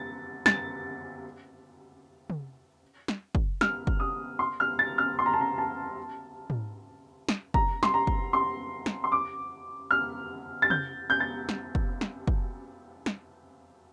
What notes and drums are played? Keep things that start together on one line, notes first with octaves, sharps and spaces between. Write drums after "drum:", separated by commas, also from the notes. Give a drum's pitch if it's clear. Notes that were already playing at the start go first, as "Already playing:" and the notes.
Already playing: A6
A6, drum: snare
drum: tom
drum: snare
drum: kick
F6, drum: snare
drum: kick
D#6
C6
F6
A6
F6
C6
A#5
A5
A#5
A5
drum: tom
drum: snare
A#5, drum: kick
C6, drum: snare
A#5
drum: kick
C6
drum: snare
C6
D6
F6
A6
G6, drum: tom
G6
A6
drum: snare
drum: kick
drum: snare
drum: kick
drum: snare